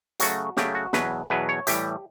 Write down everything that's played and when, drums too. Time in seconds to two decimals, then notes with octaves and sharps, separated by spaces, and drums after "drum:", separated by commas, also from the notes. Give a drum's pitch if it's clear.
0.20 C#3 F#3 A3 F#4, drum: hi-hat
0.57 C#3 F#3 A3 G4, drum: snare
0.75 F#4
0.93 E2 B2 F#3 B4, drum: snare
1.30 E2 B2 F#3 B4
1.49 C#5
1.67 A2 E3 G3 G4, drum: hi-hat